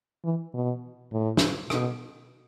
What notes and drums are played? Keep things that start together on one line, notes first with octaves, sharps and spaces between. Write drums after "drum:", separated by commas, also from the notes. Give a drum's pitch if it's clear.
E3
B2
A2
drum: snare
B2, drum: rim click